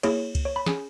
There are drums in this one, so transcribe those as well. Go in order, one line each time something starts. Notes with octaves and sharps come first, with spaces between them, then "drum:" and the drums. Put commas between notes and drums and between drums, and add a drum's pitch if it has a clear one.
A#3 E4 G#4 C#5, drum: cymbal
drum: kick C#2, cymbal
C#5
B5
C#4 G#4, drum: snare